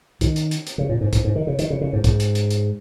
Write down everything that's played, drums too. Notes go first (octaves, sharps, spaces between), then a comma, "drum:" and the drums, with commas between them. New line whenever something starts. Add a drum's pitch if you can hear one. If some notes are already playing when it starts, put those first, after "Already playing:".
D#3, drum: kick, hi-hat
drum: hi-hat
drum: hi-hat
drum: hi-hat
C#3
A#2
G#2
G#2, drum: kick, hi-hat
G#2
D#3
C#3
D#3, drum: hi-hat
C#3
C#3
G#2
G#2, drum: kick, hi-hat
drum: hi-hat
drum: hi-hat
drum: hi-hat